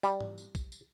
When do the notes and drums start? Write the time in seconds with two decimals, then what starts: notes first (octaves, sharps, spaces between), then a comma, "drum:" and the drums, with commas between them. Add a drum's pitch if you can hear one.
0.03 G3, drum: tambourine
0.21 drum: tom G#2
0.38 drum: tambourine
0.55 drum: kick, tambourine
0.72 drum: tambourine